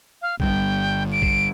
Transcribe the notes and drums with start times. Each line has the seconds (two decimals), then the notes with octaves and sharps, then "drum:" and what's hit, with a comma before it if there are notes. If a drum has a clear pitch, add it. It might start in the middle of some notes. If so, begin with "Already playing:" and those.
0.22 F5
0.40 G1 G3 G5, drum: kick A#1
1.12 D7
1.22 drum: kick A#1